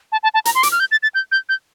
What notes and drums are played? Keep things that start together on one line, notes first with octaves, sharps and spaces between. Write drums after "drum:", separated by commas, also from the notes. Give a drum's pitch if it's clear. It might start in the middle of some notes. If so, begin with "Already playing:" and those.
A5
A5
A5
A#5, drum: hi-hat
C6
D6, drum: hi-hat
F6
G6
A6
A6
G6
G6
G6